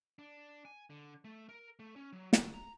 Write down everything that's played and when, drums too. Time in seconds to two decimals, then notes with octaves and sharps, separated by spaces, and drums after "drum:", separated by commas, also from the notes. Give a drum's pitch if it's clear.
0.19 D4
0.65 G#5
0.90 D3
1.25 A3
1.49 A#4
1.79 A3
1.96 C#4
2.13 F#3
2.33 D2, drum: snare
2.54 A#5